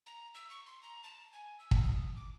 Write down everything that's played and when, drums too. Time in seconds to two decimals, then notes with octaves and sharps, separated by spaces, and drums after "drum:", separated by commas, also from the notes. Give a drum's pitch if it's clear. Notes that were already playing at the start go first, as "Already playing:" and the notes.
0.06 A#5
0.35 E6
0.50 C#6
0.66 C6
0.83 A#5
1.04 A5
1.33 G#5
1.59 E6
1.71 drum: kick
1.83 D#6
2.16 D6